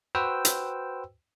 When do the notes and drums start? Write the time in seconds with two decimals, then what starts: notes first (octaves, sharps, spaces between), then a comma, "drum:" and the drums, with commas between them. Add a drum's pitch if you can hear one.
0.15 F#4 B4 C5 G5 E6
0.45 drum: hi-hat